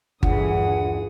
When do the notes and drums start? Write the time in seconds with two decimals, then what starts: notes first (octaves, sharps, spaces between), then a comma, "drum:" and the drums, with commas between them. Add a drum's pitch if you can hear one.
0.23 G1 D#2 E3 D4 F4 G#4 F#5 D#6, drum: kick G1